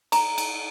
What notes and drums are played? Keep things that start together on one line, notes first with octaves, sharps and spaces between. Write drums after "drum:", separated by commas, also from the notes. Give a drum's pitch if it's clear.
A#5, drum: cymbal
drum: cymbal